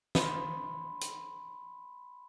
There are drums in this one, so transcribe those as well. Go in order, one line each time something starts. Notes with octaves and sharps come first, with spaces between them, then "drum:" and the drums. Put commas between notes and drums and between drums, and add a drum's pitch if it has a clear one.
B5 C6, drum: snare
drum: hi-hat